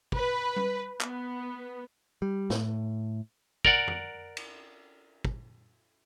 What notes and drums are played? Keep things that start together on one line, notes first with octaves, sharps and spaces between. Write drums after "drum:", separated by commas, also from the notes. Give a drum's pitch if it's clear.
B4, drum: kick
drum: tom G3
B3, drum: clap
G3
A2, drum: snare
A#4 D5 F#5, drum: kick
drum: tom F2
drum: cymbal
drum: kick